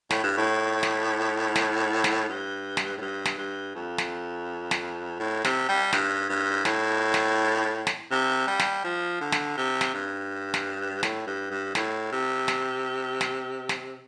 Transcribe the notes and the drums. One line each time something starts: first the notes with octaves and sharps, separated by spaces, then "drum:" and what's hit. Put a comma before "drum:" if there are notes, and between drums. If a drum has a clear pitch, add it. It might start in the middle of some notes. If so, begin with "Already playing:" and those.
A2, drum: snare
G2
A2
drum: snare
drum: snare
drum: snare
G2
drum: snare
A2
G2
drum: snare
G2
F2
drum: snare
drum: snare
A2
C3, drum: snare
G3
G2, drum: snare
G2
A2, drum: snare
drum: snare
drum: snare
C3
G3
drum: snare
F3
D3
drum: snare
C3
drum: snare
G2
drum: snare
A2, drum: snare
G2
G2
A2, drum: snare
C3
drum: snare
drum: snare
drum: snare